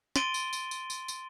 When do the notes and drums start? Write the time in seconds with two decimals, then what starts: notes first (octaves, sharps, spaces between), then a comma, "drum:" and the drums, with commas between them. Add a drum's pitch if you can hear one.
0.16 C6 A6 D7 D#7 G7, drum: snare
0.34 drum: tambourine
0.53 drum: tambourine
0.71 drum: tambourine
0.90 drum: tambourine
1.08 drum: tambourine